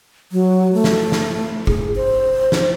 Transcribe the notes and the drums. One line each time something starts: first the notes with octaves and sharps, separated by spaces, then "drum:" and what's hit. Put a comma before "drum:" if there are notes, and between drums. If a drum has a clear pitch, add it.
F#3
A3
drum: snare
drum: snare
G#4, drum: kick
C5
drum: snare